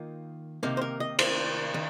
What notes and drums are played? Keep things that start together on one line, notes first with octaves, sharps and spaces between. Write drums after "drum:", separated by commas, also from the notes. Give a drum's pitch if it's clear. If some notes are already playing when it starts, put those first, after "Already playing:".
Already playing: D#3 A#3 D#4 F4
C3 D#3 A#3 D#4
C5
A#4
D#5
C5, drum: cymbal
D#3